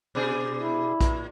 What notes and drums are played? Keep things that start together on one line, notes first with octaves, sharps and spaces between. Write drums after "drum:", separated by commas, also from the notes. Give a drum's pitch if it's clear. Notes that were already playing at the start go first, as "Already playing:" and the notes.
B2 D4 G#4
E4
A#2, drum: kick A#1, hi-hat